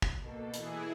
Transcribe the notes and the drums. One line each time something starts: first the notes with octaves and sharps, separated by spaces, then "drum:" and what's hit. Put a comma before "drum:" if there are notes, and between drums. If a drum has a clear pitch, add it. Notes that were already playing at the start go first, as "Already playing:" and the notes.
drum: kick
B2 A#3 A4
E3 E4 G#4, drum: hi-hat